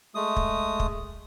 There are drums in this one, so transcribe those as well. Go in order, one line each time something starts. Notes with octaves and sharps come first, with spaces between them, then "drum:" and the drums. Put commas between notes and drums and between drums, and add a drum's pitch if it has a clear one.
G#3 A3 D#6
drum: kick
drum: kick